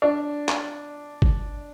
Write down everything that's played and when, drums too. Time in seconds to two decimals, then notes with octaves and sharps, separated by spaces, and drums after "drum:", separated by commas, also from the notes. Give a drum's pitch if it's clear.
0.02 D4
0.49 drum: clap
1.22 drum: kick